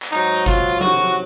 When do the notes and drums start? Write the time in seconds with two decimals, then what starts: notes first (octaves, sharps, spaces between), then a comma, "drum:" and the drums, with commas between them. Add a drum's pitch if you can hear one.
0.02 drum: clap
0.11 G#2 F#3 D#4
0.46 F4, drum: kick G1
0.81 C3 F#3 F#4, drum: tom F3